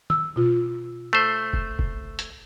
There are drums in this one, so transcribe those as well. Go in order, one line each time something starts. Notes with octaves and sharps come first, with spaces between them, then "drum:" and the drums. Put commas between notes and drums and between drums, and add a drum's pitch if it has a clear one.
E6, drum: tom
B2 F4
A3 C5
drum: kick
drum: kick
drum: hi-hat